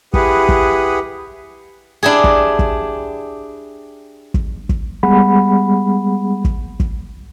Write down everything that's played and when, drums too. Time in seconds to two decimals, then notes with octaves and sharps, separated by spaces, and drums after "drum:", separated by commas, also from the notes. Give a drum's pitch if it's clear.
0.14 E4 G4 G#4 B4 F#5 D#6, drum: kick
0.49 drum: kick
2.03 D4 E4 G4 G#4
2.24 drum: kick
2.59 drum: kick
4.34 drum: kick
4.69 drum: kick
5.03 G3 G#3 B3 G#4 F#5 B5
6.45 drum: kick
6.80 drum: kick